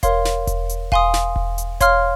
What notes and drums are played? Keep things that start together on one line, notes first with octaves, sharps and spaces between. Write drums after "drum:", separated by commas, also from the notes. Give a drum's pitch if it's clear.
A#4 C#5 F5 C6, drum: kick E1, hi-hat
drum: snare
drum: kick E1, hi-hat
drum: hi-hat
F5 G#5 C6 D#6, drum: kick E1
drum: snare
drum: kick E1
drum: hi-hat
C#5 F5 C6 F6, drum: kick E1, hi-hat